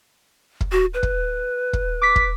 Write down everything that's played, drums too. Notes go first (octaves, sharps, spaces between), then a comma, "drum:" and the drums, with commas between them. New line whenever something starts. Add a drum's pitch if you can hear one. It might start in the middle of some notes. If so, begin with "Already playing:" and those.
drum: kick
F#4
B4
drum: kick
drum: kick
D6 B6
drum: kick